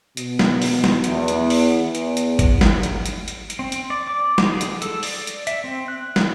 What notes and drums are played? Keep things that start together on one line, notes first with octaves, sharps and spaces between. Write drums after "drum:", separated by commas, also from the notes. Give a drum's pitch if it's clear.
B2, drum: hi-hat
drum: snare
drum: open hi-hat
drum: snare
E2, drum: hi-hat
drum: hi-hat
drum: open hi-hat
E2
drum: hi-hat
drum: hi-hat
drum: kick, hi-hat
drum: snare
drum: hi-hat
drum: hi-hat
drum: hi-hat
drum: hi-hat
C4
drum: hi-hat
D5
D6
G4, drum: snare
G#4
drum: hi-hat
A4, drum: hi-hat
D5, drum: open hi-hat
drum: hi-hat
E5, drum: hi-hat
C4
F#6
drum: snare